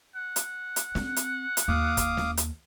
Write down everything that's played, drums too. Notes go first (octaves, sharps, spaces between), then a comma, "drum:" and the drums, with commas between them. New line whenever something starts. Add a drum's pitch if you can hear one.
F#5
drum: hi-hat
drum: hi-hat
C4, drum: snare
drum: hi-hat
drum: hi-hat
D#2 F5 D6 D#6
drum: kick, hi-hat
drum: snare
drum: hi-hat